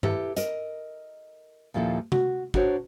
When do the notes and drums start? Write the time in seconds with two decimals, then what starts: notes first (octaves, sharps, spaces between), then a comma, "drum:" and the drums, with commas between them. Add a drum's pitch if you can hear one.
0.03 E4 G4 A4 B4, drum: tom G2
0.37 A#4 D#5, drum: hi-hat
1.74 D#2 A#2 F3 E4 A4
2.12 F#4, drum: tom C3
2.54 D4 F#4 A#4 C5 C#5, drum: kick